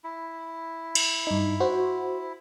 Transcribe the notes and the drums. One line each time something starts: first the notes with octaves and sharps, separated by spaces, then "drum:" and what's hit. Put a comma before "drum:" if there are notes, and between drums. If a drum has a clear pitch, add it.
E4
drum: cymbal
G2 D#4
F#4 C5